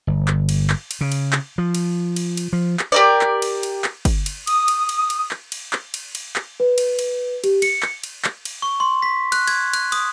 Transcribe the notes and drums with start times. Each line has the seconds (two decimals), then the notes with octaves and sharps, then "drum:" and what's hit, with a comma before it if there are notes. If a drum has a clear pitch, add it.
0.07 G1
0.28 drum: clap
0.49 drum: cymbal
0.70 drum: clap
0.91 drum: cymbal
1.01 C#3
1.12 drum: cymbal
1.33 drum: clap
1.58 F3
1.75 drum: cymbal
2.16 drum: cymbal
2.37 drum: cymbal
2.53 F3
2.79 drum: clap
2.92 G4 A#4 D5
3.21 drum: clap
3.42 drum: cymbal
3.63 drum: cymbal
3.84 drum: clap
4.05 drum: kick G1, cymbal
4.26 drum: cymbal
4.47 D#6, drum: cymbal
4.68 drum: cymbal
4.89 drum: cymbal
5.10 drum: cymbal
5.31 drum: clap
5.52 drum: cymbal
5.73 drum: clap
5.94 drum: cymbal
6.15 drum: cymbal
6.36 drum: clap
6.60 B4
6.78 drum: cymbal
6.99 drum: cymbal
7.44 G4, drum: cymbal
7.62 C#7, drum: cymbal
7.83 drum: clap
8.03 drum: cymbal
8.24 drum: clap
8.45 drum: cymbal
8.62 C#6
8.80 C6
9.02 B6
9.32 F#6, drum: cymbal
9.47 G#6, drum: cymbal
9.73 F#6, drum: cymbal
9.92 D#6, drum: cymbal